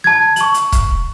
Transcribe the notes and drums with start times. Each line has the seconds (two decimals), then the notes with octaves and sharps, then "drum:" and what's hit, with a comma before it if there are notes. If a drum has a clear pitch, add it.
0.04 A5 G#6
0.36 C#6 F#7, drum: hi-hat
0.54 drum: hi-hat
0.72 drum: kick, hi-hat